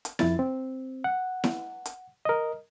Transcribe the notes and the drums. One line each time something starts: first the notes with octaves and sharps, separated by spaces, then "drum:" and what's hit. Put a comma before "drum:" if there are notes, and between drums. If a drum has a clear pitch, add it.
drum: hi-hat
F2 E4 A6, drum: snare E4
C4
F#5
drum: snare E4
drum: hi-hat
A#4 D#5